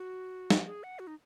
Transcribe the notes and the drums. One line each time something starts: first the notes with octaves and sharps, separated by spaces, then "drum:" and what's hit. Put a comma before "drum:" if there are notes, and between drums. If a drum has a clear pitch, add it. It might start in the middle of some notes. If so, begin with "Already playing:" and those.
Already playing: F#4
drum: snare
G#4
F#5
F#4
D#4